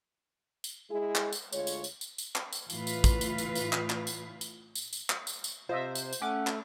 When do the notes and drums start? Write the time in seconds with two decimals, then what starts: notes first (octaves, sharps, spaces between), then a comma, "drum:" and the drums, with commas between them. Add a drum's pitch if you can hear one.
0.64 drum: tambourine
0.90 G#3 E4 G#4
1.15 drum: clap
1.33 drum: tambourine
1.52 D2 G#3 F4 C#5, drum: tambourine
1.67 drum: tambourine
1.84 drum: tambourine
2.01 drum: tambourine
2.18 drum: tambourine
2.35 drum: clap
2.53 drum: tambourine
2.70 A2 E3 F4 B4 F5, drum: tambourine
2.87 drum: tambourine
3.04 drum: kick, tambourine
3.21 drum: tambourine
3.38 drum: tambourine
3.55 drum: tambourine
3.73 drum: clap
3.90 drum: clap
4.07 drum: tambourine
4.41 drum: tambourine
4.75 drum: tambourine
4.93 drum: tambourine
5.10 drum: clap
5.27 drum: tambourine
5.44 drum: tambourine
5.69 C3 F4 C5 D#5 E5
5.95 drum: tambourine
6.13 drum: tambourine
6.22 A3 C#4 F#5 D6
6.47 drum: clap